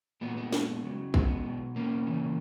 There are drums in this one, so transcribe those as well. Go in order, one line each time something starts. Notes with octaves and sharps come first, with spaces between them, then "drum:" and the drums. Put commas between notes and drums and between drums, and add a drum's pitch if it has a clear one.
A#2 F#3 G#3 B3
G#3 B3
drum: snare
C#3 F#3
G#3 B3, drum: kick A1
B2 F#3
A#3 C#4
C#3 E3